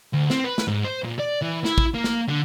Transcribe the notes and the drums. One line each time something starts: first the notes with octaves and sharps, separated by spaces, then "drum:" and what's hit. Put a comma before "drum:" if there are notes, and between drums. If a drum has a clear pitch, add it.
D2
C4, drum: snare
B4
drum: snare
G#2
C5
A#2
D5
E3
E4, drum: snare
drum: kick
A#3
drum: snare
D3